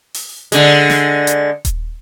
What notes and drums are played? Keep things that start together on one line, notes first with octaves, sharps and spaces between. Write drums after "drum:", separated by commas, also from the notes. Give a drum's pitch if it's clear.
drum: open hi-hat
D3 G#3, drum: hi-hat
drum: snare
drum: hi-hat
drum: kick D#1, hi-hat